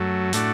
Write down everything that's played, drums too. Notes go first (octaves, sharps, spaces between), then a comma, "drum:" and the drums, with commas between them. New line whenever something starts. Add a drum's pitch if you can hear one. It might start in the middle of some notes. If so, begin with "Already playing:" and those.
Already playing: F#2 F#3 A3
A2 A3 D4 F#4, drum: hi-hat